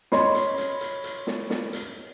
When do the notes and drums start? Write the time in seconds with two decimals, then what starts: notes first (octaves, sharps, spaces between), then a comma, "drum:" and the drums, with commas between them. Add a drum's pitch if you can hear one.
0.12 C#5 D#5 B5 C6, drum: snare
0.35 drum: hi-hat
0.58 drum: hi-hat
0.81 drum: hi-hat
1.04 drum: hi-hat
1.27 drum: snare
1.50 drum: snare
1.73 drum: hi-hat